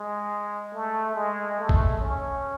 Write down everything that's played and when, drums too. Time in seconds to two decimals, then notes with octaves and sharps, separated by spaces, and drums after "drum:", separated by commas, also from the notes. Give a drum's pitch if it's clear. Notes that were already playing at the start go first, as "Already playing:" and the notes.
Already playing: G#3
0.73 A3
1.15 G#3
1.59 A3
1.69 drum: kick
2.01 C#4